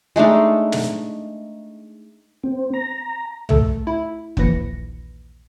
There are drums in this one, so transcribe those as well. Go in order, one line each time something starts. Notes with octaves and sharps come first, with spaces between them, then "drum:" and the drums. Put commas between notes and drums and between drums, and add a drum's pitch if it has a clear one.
G#3 A3 D4 D#4
drum: snare
C4
A#5
A3 A4, drum: tom
E4
A#1 D#2 E3 B4 A#6 C#7, drum: kick